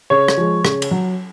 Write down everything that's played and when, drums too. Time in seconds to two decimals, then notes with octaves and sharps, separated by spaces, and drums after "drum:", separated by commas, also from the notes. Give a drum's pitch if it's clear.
0.10 C#3 C#5
0.28 drum: rim click
0.37 F3 G#3
0.65 C#3, drum: rim click
0.82 drum: cymbal
0.91 F#3